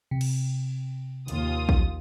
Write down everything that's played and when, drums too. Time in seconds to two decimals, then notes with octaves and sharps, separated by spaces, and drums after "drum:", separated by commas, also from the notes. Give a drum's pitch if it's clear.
0.11 C3
0.21 drum: cymbal
1.28 D#2 F4 D#6, drum: hi-hat
1.69 drum: kick